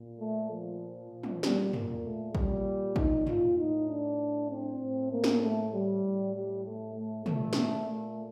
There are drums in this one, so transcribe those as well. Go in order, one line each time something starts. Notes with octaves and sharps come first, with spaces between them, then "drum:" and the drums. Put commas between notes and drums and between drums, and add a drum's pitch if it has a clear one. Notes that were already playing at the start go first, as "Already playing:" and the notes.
Already playing: A#2
A3
F3
A#2
drum: tom
G3, drum: snare
A#3, drum: tom
A3
A#2 G3, drum: kick A1
D#4, drum: kick A1
F4, drum: tom
A2 D#4
D4
C4
A2
A#3
drum: snare
A3
G3
A2
G3
A3
A3
A#2 A3, drum: tom
drum: snare
A3